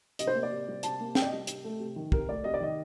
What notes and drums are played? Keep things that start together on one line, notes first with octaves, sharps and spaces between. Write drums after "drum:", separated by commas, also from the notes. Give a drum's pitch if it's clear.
C3 D#5, drum: hi-hat
C5
A#3
D5
C3
G3
C3 A5, drum: hi-hat
A#3
C3 G5, drum: snare
D5
D#5
G3
C3, drum: hi-hat
A3
C3
D#3
C3 A#4, drum: kick
A3 D5
C3 D#5
D5
D#3 D#5